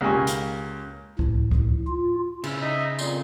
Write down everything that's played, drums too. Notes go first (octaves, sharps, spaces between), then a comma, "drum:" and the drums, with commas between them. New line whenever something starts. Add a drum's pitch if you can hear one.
C#2 A#3 G4 F5 G#5 C#6
drum: hi-hat
A2, drum: kick
drum: kick
F4
C#3 E4, drum: cymbal
D#4 D#5 E5
F2 A#2 C6, drum: tambourine